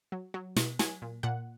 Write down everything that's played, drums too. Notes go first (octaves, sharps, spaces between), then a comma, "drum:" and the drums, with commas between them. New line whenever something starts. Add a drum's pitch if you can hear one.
F#3
F#3
B2, drum: snare
F#3 G#5, drum: snare
A#2
A#2 F#5